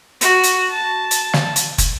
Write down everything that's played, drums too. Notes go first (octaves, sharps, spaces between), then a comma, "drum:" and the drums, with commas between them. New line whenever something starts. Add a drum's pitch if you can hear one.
F#4, drum: hi-hat
drum: hi-hat
A5
drum: hi-hat
drum: snare
drum: hi-hat
drum: kick, hi-hat